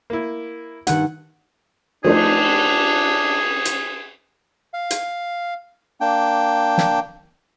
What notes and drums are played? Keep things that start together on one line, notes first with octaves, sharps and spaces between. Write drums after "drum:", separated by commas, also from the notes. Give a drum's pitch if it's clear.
A#3 E4
G2 D#3 F#5, drum: hi-hat
F3 A3 D4 D#4 G#4, drum: cymbal
drum: hi-hat
F5
drum: hi-hat
A#3 D4 G5
drum: snare